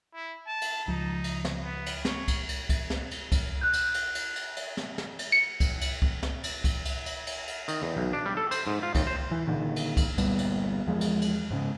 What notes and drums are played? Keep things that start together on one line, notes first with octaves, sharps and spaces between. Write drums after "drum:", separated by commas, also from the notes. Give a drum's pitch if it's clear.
E4
A5
drum: cymbal
C#2 F3 D#4
drum: cymbal
drum: snare
B3
drum: cymbal
C#5, drum: snare
drum: kick C2, cymbal
drum: cymbal
drum: kick C2, cymbal
drum: snare
drum: cymbal
drum: kick C2, cymbal
F#6 G6
drum: cymbal
drum: cymbal
drum: cymbal
drum: cymbal
drum: cymbal
drum: snare
drum: snare
drum: cymbal
C#7
drum: kick C2, cymbal
drum: cymbal
drum: kick C2
drum: snare
drum: cymbal
drum: kick C2, cymbal
drum: cymbal
drum: cymbal
drum: cymbal
drum: cymbal
D#3, drum: cymbal
E2
B1
D4
G3
A4
C5, drum: cymbal
G#2
F4
D#2, drum: kick C2, cymbal
C5
E3
A#2 D3 D#3
drum: cymbal
drum: kick C2, cymbal
G1 A#2 G3 B3, drum: cymbal
drum: cymbal
E2 F3 G#3
drum: cymbal
drum: cymbal
G#2 C#3